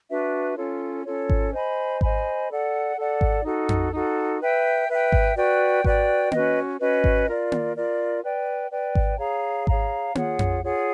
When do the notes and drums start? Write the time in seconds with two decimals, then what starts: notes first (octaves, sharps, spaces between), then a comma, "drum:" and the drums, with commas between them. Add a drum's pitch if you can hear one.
0.10 D4 F#4 B4 E5
0.57 C#4 F4 A4 C#5
1.05 C#4 F4 A4 C#5
1.29 drum: kick G#1
1.53 C5 D#5 G#5 B5
2.01 C5 D#5 G#5 B5, drum: kick G#1
2.50 A4 D5 F#5
2.97 A4 D5 F#5
3.21 drum: kick G#1
3.45 D#4 F#4 A4
3.69 drum: tom F2
3.92 D#4 F#4 A4
4.41 B4 E5 G5
4.89 B4 E5 G5
5.12 drum: kick G#1
5.37 F#4 B4 D5 G5
5.84 F#4 B4 D5 G5, drum: kick G#1
6.32 C#4 F#4 B4 D#5, drum: tom A#3
6.80 C#4 F#4 B4 D#5
7.04 drum: kick G#1
7.28 F4 A#4 D5
7.52 drum: tom A#3
7.76 F4 A#4 D5
8.23 B4 D5 G5
8.71 B4 D5 G5
8.95 drum: kick G#1
9.19 G#4 C#5 F5 A#5
9.67 G#4 C#5 F5 A#5, drum: kick G#1
10.15 F4 G#4 C#5 F#5, drum: tom A#3
10.39 drum: tom F2
10.63 F4 G#4 C#5 F#5